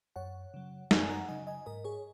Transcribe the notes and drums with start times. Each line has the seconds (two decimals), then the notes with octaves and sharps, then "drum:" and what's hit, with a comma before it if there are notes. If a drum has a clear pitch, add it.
0.16 F#2 C#5 F#5
0.54 C#3 F#3
0.91 F#2 D#5 G#5, drum: snare
1.10 F#5 A#5
1.28 C#3 F#3 D#5 G#5
1.47 D#5 G#5
1.66 G#2 A#4 D#5
1.84 G#4 C#5